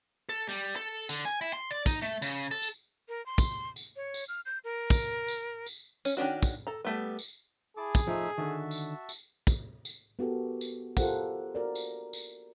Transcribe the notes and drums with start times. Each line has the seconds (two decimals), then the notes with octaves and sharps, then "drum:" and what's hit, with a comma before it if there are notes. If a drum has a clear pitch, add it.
0.29 A4
0.49 G3
0.76 A4
1.09 D3, drum: tambourine
1.25 G#5
1.41 E4
1.53 C6
1.71 D5
1.86 D#4, drum: kick, tambourine
2.02 A3
2.22 C#3, drum: tambourine
2.51 A4
2.62 drum: tambourine
3.09 A#4
3.26 C6
3.38 drum: kick, tambourine
3.76 drum: tambourine
3.96 C#5
4.14 drum: tambourine
4.28 F6
4.46 G6
4.64 A#4
4.90 drum: kick, tambourine
5.28 drum: tambourine
5.66 drum: tambourine
6.05 C#4, drum: tambourine
6.17 D#3 C#4 D4 F#4
6.43 drum: kick, tambourine
6.67 A4 A#5
6.85 G3 A3 B3
7.19 drum: tambourine
7.77 E4 G#4 A5 D6
7.95 drum: kick, tambourine
8.08 F3 A3 D#4 F4 E5
8.38 D3 D#3 F#4 E5 A5
8.71 drum: tambourine
9.09 drum: tambourine
9.47 drum: kick, tambourine
9.85 drum: tambourine
10.19 B3 F#4 G4 A4 A#4
10.61 drum: tambourine
10.97 F4 G4 A4 A#4 C5 F#5, drum: kick, tambourine
11.55 F#4 A#4 D5
11.75 drum: tambourine
12.13 drum: tambourine